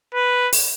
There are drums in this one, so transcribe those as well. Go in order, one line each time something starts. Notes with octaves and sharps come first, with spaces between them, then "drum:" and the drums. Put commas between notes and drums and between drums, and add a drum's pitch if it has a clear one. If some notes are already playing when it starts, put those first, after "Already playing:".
B4
drum: open hi-hat